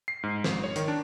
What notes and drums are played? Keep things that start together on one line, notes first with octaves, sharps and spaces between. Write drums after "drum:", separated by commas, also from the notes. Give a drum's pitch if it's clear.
C7
G#2
G#1, drum: snare
C#5
D#3, drum: hi-hat
D4